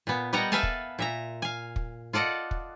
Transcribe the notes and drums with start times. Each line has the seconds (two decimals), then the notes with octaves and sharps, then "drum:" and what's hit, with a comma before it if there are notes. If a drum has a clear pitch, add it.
0.07 A#2 B3
0.33 G3 B3 D#5 F#5 G5 A#5
0.52 A4 B4 E5 F5 G#5 A5
0.63 drum: kick
0.99 A#2 E5 A#5
1.42 F5 G#5
1.76 drum: kick
2.13 F4 A4 D5 D#5 F#5
2.51 drum: kick